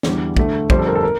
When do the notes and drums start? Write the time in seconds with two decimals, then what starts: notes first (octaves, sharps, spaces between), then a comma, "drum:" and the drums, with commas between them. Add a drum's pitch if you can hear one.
0.03 E2 D3 G3, drum: snare
0.37 D2 D3 A3, drum: kick
0.70 G1 F2 D3 G3 C5, drum: kick
0.79 A4
0.87 A#4
0.95 A4
1.03 A#4